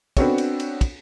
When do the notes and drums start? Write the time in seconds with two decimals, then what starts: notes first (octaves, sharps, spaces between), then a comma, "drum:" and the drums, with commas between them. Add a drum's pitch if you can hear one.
0.17 B3 C4 D4 F#4 A4 C#5, drum: kick, cymbal
0.38 drum: cymbal
0.60 drum: cymbal
0.81 drum: kick, cymbal